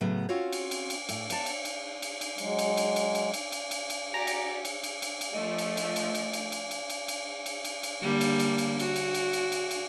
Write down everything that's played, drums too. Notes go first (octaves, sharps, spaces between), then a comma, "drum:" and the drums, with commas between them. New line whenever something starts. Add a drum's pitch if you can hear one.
A2 C#3 F#3 B3
C4 C#4 F4 F#4 C#5 F5
drum: cymbal
drum: cymbal
drum: cymbal
A2, drum: cymbal
B3 A5, drum: cymbal
drum: cymbal
drum: cymbal
drum: cymbal
drum: cymbal
F#3 G#3, drum: cymbal
drum: cymbal
drum: cymbal
drum: cymbal
drum: cymbal
drum: cymbal
drum: cymbal
drum: cymbal
drum: cymbal
F#4 G4 D5 G#5 A#5
drum: cymbal
drum: cymbal
drum: cymbal
drum: cymbal
drum: cymbal
F3 A3 D#5
drum: cymbal
drum: cymbal
drum: cymbal
drum: cymbal
drum: cymbal
drum: cymbal
drum: cymbal
drum: cymbal
drum: cymbal
drum: cymbal
drum: cymbal
drum: cymbal
D3 G3 A#3
drum: cymbal
drum: cymbal
drum: cymbal
F#4, drum: cymbal
drum: cymbal
drum: cymbal
drum: cymbal
drum: cymbal
drum: cymbal